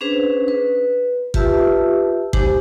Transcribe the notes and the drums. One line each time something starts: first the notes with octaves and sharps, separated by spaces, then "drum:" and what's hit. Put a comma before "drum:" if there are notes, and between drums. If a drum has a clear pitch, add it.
C#4 D4 G#4 B4 C5
B4
F4 G4 B4 E5 A5 E6, drum: kick
G#3 D#4 G4 C5 D6, drum: kick